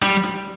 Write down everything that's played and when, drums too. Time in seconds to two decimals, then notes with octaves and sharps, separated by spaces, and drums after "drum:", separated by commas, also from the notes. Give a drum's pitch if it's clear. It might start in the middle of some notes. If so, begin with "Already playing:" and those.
0.02 G3, drum: snare
0.23 drum: snare